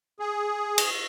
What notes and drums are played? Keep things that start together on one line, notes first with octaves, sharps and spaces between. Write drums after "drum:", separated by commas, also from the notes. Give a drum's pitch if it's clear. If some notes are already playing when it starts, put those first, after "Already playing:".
G#4
drum: cymbal